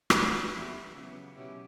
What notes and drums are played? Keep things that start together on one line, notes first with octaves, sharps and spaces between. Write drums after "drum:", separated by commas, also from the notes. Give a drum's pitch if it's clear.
D3 G3 D4 G4, drum: rim click
E3 B3 E4 G4
C#3 F#3 B3
B2 F#3 C#4 E4 G4